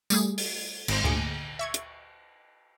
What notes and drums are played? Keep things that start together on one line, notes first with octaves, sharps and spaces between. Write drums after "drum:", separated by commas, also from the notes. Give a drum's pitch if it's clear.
G3 A3 G#4, drum: tambourine
drum: open hi-hat
G#1 C5, drum: cymbal
D2 A#2 G#4 D6 C#7
E5 C#6 G#6
drum: hi-hat